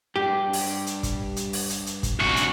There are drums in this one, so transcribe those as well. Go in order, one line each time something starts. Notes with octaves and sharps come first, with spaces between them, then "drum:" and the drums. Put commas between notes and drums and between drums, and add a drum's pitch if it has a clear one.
G2 D4 G4
drum: open hi-hat
drum: hi-hat
drum: kick, hi-hat
drum: hi-hat
drum: open hi-hat
drum: hi-hat
drum: hi-hat
drum: kick, hi-hat
C2 D4 F#4 E5 G#5
drum: hi-hat